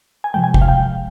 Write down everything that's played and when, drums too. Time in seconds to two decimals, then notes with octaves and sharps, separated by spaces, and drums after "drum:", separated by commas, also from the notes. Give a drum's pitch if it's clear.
0.24 G#5
0.34 C3 F3 G#3 G5
0.44 G#5
0.54 G5, drum: kick
0.62 F5
0.68 G5